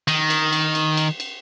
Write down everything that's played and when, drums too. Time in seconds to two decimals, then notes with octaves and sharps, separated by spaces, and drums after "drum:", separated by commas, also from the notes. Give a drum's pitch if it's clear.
0.08 D#3, drum: cymbal
0.30 drum: cymbal
0.53 drum: cymbal
0.75 drum: cymbal
0.97 drum: cymbal
1.20 drum: cymbal